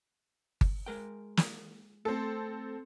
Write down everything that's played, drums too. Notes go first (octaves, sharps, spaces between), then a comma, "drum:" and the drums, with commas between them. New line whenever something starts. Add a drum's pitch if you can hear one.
drum: kick G1
G#3 A#4 G5
drum: snare
A3 C4 A4